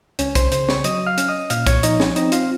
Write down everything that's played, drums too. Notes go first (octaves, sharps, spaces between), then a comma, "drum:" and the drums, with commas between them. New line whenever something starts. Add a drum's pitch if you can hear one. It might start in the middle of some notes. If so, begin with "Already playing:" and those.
C#2 C#4 C#5, drum: hi-hat
C5 C6, drum: kick, hi-hat
C#3 C5 C6, drum: hi-hat
C#5 C#6, drum: snare
F#3 D#5 D#6, drum: hi-hat
F5 F6
C#4, drum: hi-hat
D#5 D#6
A#2 F5 F6, drum: hi-hat
C#5 C#6, drum: kick, hi-hat
F3 D#4 D#5, drum: hi-hat
C#4 C#5, drum: snare
C4 D#4 D#5, drum: hi-hat
F4 F5, drum: hi-hat